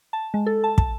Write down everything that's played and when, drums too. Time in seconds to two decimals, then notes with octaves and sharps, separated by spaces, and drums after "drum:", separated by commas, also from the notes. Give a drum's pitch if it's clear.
0.13 A5
0.34 G#3
0.46 A4
0.64 A5
0.78 A5, drum: kick